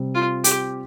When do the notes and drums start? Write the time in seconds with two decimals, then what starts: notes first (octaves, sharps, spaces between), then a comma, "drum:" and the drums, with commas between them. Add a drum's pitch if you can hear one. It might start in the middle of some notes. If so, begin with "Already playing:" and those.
Already playing: C3 G3 C4
0.15 F4
0.44 G4, drum: hi-hat